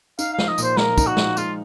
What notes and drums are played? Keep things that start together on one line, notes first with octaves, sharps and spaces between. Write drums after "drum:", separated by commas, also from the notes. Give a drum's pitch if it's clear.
D#4 F5, drum: tambourine
F5
F3, drum: snare
D#5
A#2, drum: tambourine
C5
F3 A#4, drum: snare
D#4, drum: kick, tambourine
F#4
F3, drum: snare
G#3 F4, drum: tambourine